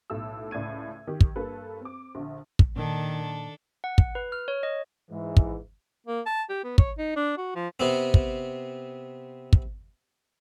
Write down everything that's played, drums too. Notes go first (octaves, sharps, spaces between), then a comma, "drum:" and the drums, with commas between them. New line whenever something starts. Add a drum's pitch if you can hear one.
B1 A2 A4 E6
C#2 A2 D5 G#6 D#7
D#3 G4
drum: kick
G2 A#3 A4 B4
C4 D6
A#1 D3
drum: kick
A#2 D#3 D4 A4
F#5
drum: kick
B4
F6
C#5
D#5
G#2 E3
drum: kick
A#3
A5
G4
B3
C#5, drum: kick
D#4
D4
F#4
F3
C3 B3 C4
drum: kick
drum: kick